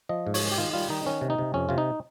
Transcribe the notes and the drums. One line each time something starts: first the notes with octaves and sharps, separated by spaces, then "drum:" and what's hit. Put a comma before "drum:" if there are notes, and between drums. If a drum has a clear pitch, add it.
F3 D#5
G#2
C#5, drum: open hi-hat
G#3
G4
D#3 F4
G3 F4
D#3 D#4
D#3 C#4
C3
D#4
C3
F2 C#4
C3 F4
D#4